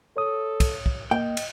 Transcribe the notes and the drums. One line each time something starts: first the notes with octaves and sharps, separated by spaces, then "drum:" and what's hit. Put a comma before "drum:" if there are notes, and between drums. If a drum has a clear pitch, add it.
A4 C#5 D#6
drum: kick, cymbal
drum: kick
A#3 D#5 G5
drum: cymbal